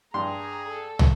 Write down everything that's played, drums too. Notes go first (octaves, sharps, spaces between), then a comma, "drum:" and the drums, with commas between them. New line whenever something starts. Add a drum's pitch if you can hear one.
G2 G#4 A#5 C6
A4
drum: tom